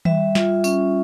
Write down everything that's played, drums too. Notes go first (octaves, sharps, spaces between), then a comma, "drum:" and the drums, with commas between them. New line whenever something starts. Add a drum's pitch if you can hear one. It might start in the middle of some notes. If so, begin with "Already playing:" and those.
G3 E5, drum: tom D#3
F4, drum: snare
C#4, drum: tambourine